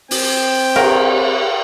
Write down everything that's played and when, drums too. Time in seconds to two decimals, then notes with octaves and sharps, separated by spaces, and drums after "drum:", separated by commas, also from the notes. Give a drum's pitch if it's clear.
0.11 C4 G5, drum: open hi-hat
0.76 A#4, drum: cymbal